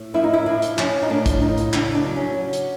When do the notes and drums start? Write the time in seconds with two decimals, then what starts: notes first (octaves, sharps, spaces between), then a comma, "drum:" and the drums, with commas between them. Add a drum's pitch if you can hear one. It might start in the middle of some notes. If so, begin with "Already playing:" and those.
Already playing: A2
0.14 F3 E4
0.24 D#4
0.33 E4
0.46 F3 D4
0.62 drum: hi-hat
0.78 F3 C#4, drum: clap
1.03 D#4
1.10 A2 D4
1.26 drum: kick, hi-hat
1.42 F3 D#4
1.58 drum: hi-hat
1.73 C#3 D4, drum: clap
1.95 D4
2.05 F#3
2.16 C#4
2.37 F#3
2.53 drum: hi-hat